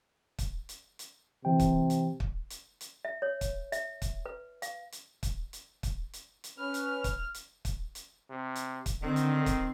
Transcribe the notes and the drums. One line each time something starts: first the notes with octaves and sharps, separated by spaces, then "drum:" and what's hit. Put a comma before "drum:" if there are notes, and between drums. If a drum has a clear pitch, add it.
drum: kick, hi-hat
drum: hi-hat
drum: hi-hat
C3 E3 G5
drum: kick, hi-hat
drum: hi-hat
drum: kick
drum: hi-hat
drum: hi-hat
E5
C#5
drum: kick, hi-hat
E5, drum: hi-hat
drum: kick, hi-hat
B4
F5, drum: hi-hat
drum: hi-hat
drum: kick, hi-hat
drum: hi-hat
drum: kick, hi-hat
drum: hi-hat
drum: hi-hat
C#4 B4 F6
drum: hi-hat
drum: kick, hi-hat
drum: hi-hat
drum: kick, hi-hat
drum: hi-hat
C3
drum: hi-hat
drum: kick, hi-hat
D3 D#3 C4
drum: hi-hat
drum: kick, hi-hat